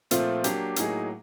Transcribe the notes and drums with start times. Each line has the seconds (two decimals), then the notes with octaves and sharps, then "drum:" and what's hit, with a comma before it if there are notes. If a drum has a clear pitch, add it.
0.11 A#2 F3 A3 C4 F4, drum: hi-hat
0.44 F#3 A#3 D4 G4, drum: hi-hat
0.76 A2 F#3 A#3 D#4 G#4, drum: hi-hat